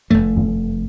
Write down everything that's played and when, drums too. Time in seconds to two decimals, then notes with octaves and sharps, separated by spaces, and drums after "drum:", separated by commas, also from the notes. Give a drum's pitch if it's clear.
0.10 F1 A3, drum: tom F#2
0.36 drum: tom F#2